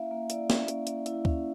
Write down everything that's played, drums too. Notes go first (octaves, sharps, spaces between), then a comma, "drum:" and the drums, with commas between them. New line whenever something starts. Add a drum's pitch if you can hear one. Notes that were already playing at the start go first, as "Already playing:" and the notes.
Already playing: A#3 C#4 E4 E5 F5
A#3
E4 D5, drum: hi-hat
C#4, drum: snare
A#3, drum: hi-hat
A#3, drum: hi-hat
E4, drum: hi-hat
C#4, drum: kick